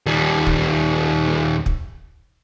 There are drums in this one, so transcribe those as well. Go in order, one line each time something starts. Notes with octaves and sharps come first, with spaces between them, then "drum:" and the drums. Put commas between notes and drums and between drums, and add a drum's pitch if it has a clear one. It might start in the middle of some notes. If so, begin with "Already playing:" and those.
D#2 G3
drum: kick
drum: kick